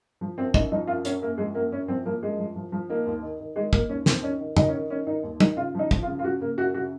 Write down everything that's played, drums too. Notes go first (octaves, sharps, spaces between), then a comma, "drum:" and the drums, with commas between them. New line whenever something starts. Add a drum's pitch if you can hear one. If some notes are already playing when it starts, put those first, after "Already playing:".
F3
F#2 C4
F#2 D#4, drum: kick
F3 D#4
F#2 F4
F#2 C#4, drum: hi-hat
F#2 A#3
F3 G#3
F#2 A#3
F#2 C#4
F3 C4
F3 A#3
F#2 G#3
F3
F3
F3
D#3 A#3
D#2
D#3
D#3
D#3 G#3
D#3 A#3, drum: kick
D#2 C#4
D#2 C4, drum: snare
D#3 C#4
D#3
D#3 D#4, drum: tom
C#4
D#3
D#3 C#4
D#3 D#4
D#2
D#3 D#4, drum: tom
C#3 F4
F3 D#4
F3, drum: kick
F4
C#3
F4
C#3 F#4
C#3 A#3
F#2 F#4
C#3 F#4